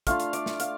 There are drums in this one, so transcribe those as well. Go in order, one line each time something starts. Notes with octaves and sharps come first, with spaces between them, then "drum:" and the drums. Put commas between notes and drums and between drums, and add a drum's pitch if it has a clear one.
A3 D4 F4 F5, drum: kick, hi-hat
drum: hi-hat
D5, drum: hi-hat
drum: snare
F5, drum: hi-hat